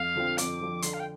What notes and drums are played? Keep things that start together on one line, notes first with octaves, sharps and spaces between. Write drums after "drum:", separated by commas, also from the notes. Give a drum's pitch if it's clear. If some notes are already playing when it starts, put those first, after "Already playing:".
Already playing: F2 F5
D3 F3 C4
F2 D6, drum: hi-hat
D3 F3 C4
D3 C6, drum: hi-hat
F5
G5